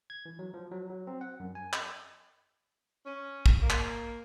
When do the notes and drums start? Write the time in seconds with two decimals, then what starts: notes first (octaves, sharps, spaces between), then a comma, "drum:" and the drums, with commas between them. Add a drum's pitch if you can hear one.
0.10 G#6
0.26 E3
0.39 F#3
0.54 F3
0.72 F#3
0.90 F#3
1.07 C4
1.21 F#5
1.40 F#2
1.55 G#5
1.73 drum: clap
3.05 C#4
3.46 drum: kick
3.61 A#3
3.70 drum: clap